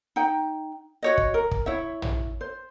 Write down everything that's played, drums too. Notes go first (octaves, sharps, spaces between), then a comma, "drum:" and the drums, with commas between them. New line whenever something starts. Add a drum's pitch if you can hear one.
D#4 G5
F#4 C#5 D#5
drum: kick
A#4
drum: kick
E4 C#5 E5
drum: tom
C5